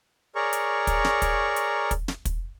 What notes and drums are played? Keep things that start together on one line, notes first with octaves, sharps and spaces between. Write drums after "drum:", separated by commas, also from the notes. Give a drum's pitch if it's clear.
G#4 A#4 C#5 D5 A#5 C#6
drum: hi-hat
drum: kick, hi-hat
drum: snare
drum: kick, hi-hat
drum: hi-hat
drum: kick, hi-hat
drum: snare
drum: kick, hi-hat